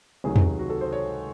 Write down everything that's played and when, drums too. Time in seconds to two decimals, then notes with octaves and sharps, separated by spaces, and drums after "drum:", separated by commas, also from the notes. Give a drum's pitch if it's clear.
0.24 C#2 C3 D#3 F#3 G#4
0.36 drum: tom E2
0.59 F#4
0.70 A4
0.81 C5
0.93 C#5